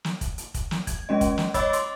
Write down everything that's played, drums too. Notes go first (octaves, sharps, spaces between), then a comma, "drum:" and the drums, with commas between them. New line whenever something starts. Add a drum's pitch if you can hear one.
drum: snare
drum: kick, hi-hat
drum: hi-hat
drum: kick, hi-hat
drum: snare
G#6, drum: kick, hi-hat
G#3 C#4 D#5
drum: kick, hi-hat
drum: snare
C#5 D#5 B5 D6 E6 A6, drum: kick, hi-hat
C6, drum: hi-hat